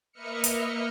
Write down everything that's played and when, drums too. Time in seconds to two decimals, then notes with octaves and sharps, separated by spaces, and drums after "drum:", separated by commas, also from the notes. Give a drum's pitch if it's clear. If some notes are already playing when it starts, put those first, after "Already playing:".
0.12 A#3 B4 D#5 E5 F6 C#7
0.44 drum: hi-hat